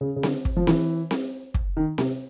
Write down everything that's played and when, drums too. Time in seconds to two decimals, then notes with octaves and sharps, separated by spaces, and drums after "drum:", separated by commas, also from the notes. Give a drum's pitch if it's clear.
0.01 C#3
0.16 C#3
0.23 D3, drum: snare C4
0.45 drum: kick
0.57 F3
0.67 E3, drum: snare C4
1.11 drum: snare C4
1.54 drum: kick
1.77 D#3
1.98 C3, drum: snare C4